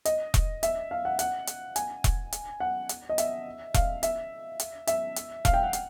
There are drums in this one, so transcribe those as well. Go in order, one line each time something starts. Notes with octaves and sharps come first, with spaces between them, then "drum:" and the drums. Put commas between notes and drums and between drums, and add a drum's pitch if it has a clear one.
D#5, drum: hi-hat
drum: kick E1, hi-hat
E5, drum: hi-hat
F5
F#5
F#5, drum: hi-hat
drum: hi-hat
G#5, drum: hi-hat
drum: kick E1, hi-hat
drum: hi-hat
F#5
drum: hi-hat
D#5
E5, drum: hi-hat
F5, drum: kick E1, hi-hat
E5, drum: hi-hat
drum: hi-hat
E5, drum: hi-hat
drum: hi-hat
F5, drum: kick E1, hi-hat
G5
F#5
drum: hi-hat